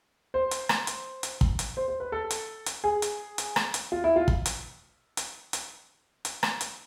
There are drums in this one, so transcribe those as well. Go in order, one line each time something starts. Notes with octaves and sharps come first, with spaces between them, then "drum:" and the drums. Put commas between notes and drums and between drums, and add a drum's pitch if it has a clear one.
C5
drum: hi-hat
drum: rim click
drum: hi-hat
drum: hi-hat
drum: kick
drum: hi-hat
C5
C5
B4
A4
drum: hi-hat
drum: hi-hat
G#4
drum: hi-hat
drum: hi-hat
drum: rim click
drum: hi-hat
F4
E4
F4
drum: kick
drum: hi-hat
drum: hi-hat
drum: hi-hat
drum: hi-hat
drum: rim click
drum: hi-hat